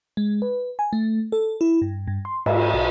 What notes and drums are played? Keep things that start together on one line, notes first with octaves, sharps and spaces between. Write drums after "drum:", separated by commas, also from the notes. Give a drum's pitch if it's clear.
G#3
B4
G#5
A3
A4
E4
G2
G2
C6
G#2, drum: cymbal
B1